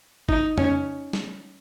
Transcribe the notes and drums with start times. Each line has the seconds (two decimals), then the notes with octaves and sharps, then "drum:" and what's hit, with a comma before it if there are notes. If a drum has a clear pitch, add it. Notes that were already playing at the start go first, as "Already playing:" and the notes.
0.29 D#4, drum: kick G#1
0.58 C#4, drum: tom F2
1.13 drum: snare